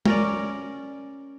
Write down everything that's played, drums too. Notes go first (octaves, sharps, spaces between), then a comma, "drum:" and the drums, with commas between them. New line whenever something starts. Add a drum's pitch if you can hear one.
C#4 A#4 D5, drum: tom G#3